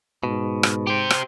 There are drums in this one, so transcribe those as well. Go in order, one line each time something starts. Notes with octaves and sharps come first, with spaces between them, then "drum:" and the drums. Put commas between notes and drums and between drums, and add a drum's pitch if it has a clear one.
G#2 B2
drum: rim click
G4 C5
drum: rim click